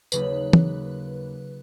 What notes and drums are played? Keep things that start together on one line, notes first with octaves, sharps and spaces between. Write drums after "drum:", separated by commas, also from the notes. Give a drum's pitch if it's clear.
D#2 C#3 F#3 A#3 D#4 B4, drum: tambourine
drum: tom